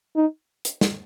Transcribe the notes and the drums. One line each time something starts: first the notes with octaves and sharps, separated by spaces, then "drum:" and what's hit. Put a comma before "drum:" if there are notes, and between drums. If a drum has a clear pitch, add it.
D#4
drum: hi-hat
drum: snare